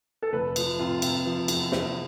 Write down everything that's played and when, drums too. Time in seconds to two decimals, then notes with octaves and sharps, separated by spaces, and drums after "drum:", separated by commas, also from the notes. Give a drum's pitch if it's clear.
0.22 A4
0.33 F1 B4
0.56 F3, drum: cymbal
0.79 C3 F4
1.02 C3, drum: cymbal
1.25 F3
1.48 E2, drum: cymbal
1.72 E2, drum: snare